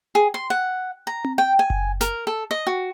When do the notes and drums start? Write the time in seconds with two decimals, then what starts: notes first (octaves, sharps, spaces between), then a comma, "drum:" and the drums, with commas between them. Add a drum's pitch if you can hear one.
0.15 G#4
0.34 C6
0.50 F#5
1.07 A#5
1.24 drum: tom C4
1.38 G5
1.59 G#5
1.70 drum: kick F#1
2.01 A#4, drum: snare
2.27 A4
2.51 D#5
2.67 F#4